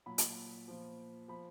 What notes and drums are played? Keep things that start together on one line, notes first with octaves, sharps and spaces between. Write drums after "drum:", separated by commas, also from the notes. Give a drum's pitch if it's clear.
A#2 F#3 B5
drum: hi-hat
A#2 F3
F3 B5